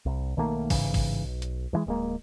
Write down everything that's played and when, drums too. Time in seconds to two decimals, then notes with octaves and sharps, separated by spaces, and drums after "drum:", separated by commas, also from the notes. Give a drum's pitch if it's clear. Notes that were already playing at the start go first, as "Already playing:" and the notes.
0.06 C2
0.37 B1 D#3 A3 A#3
0.70 A1 G#2 C#3 E3, drum: kick, open hi-hat
0.94 drum: kick, open hi-hat
1.24 B1
1.42 drum: hi-hat
1.73 G2 E3 G#3
1.86 D1 G#3 A#3